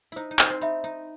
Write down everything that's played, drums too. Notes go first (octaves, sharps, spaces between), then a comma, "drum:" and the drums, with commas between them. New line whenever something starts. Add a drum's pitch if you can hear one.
D#4 E4 C5
D#4
C4, drum: clap
C4
D#4 E5 B5
D#4